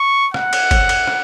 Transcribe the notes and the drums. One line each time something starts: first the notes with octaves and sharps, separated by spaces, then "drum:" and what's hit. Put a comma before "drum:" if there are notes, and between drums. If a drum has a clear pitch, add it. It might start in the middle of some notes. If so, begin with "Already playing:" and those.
Already playing: C#6
F#5, drum: rim click
drum: cymbal
drum: kick, cymbal
drum: cymbal
drum: rim click